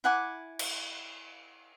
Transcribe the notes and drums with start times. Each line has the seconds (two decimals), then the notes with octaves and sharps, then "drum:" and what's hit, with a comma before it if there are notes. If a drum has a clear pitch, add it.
0.04 E4 F#5 G#5 D6
0.59 drum: cymbal